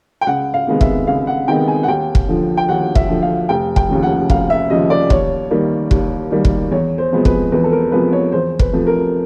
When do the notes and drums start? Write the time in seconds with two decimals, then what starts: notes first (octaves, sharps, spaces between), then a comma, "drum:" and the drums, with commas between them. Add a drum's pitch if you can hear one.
0.21 G5
0.27 C#2 F#5
0.54 F5
0.67 C3 D#3 G#3 B3
0.81 E5, drum: kick
1.07 C#2 F5
1.27 F#5
1.47 C3 D#3 G#3 B3 G5
1.68 G#5
1.83 F#5
1.88 D#2 G5
2.15 drum: kick
2.28 D3 F3
2.57 G5
2.69 D#2 F#5
2.95 E5, drum: kick
3.09 D3 F3
3.22 F5
3.49 F1 G5
3.76 G5, drum: kick
3.89 D#2 C#3 F3
4.03 F#5
4.30 F1 F5, drum: kick
4.50 E5
4.70 D#2 C#3 F3 D#5
4.90 D5
5.10 D#2 C#5, drum: kick
5.51 D#3 G3 A#3
5.91 D#2, drum: kick
6.31 D#3 G3 A#3
6.45 drum: kick
6.71 E2 C#5
6.98 C5
7.12 C3 F3 G#3 B3
7.25 B4, drum: kick
7.52 E2 B4
7.64 A4
7.72 A#4
7.92 C3 F3 G#3 B3 B4
8.13 C#5
8.32 E2 C5
8.59 B4, drum: kick
8.73 C3 F3 A3
8.87 A#4